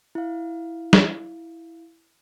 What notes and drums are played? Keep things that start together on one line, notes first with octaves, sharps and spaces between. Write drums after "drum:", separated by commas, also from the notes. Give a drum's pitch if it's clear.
E4 F5
drum: snare